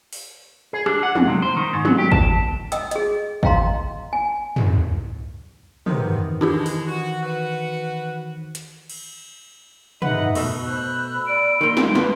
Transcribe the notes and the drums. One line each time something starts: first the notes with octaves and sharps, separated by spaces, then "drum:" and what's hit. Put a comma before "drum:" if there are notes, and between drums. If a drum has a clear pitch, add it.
drum: open hi-hat
G#4
D4, drum: rim click
F#5
F2, drum: tom
C3
C5
D#3
G#2
F#3, drum: tom
G4
A5, drum: kick
D#5 G5 D#6 E6, drum: hi-hat
G#4 D#5, drum: hi-hat
D#5 F5 G5 A#5 C6, drum: kick
G#5
drum: tom
C3 D#3 E3 B3 C5, drum: tom
B2 G#3 D4 E4 G4
drum: open hi-hat
F#4
F#4 B4 F#5
drum: hi-hat
drum: cymbal
D#4 B4 D#5 E5 F#5, drum: tom
B2 A3 E6, drum: cymbal
C5 B5 E6 F#6
D5 D7
D#3 A#3 C6
drum: snare
G2 B3 B4 A5 B5, drum: snare